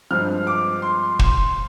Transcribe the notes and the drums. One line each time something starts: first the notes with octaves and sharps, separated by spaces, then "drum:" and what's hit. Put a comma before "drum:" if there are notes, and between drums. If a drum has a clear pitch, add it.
G2 F3 G#3 C4 F6
D6
C6
C6, drum: kick